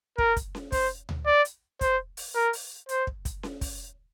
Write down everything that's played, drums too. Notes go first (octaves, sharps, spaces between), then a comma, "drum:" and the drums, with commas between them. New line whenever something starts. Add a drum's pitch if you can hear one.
A#4, drum: kick
drum: kick, hi-hat
drum: snare C#4
C5, drum: kick, open hi-hat
drum: tom D2
D5
drum: hi-hat
C5, drum: kick, hi-hat
drum: open hi-hat
A#4
drum: open hi-hat
C5, drum: hi-hat
drum: kick
drum: kick, hi-hat
drum: snare C#4
drum: kick, open hi-hat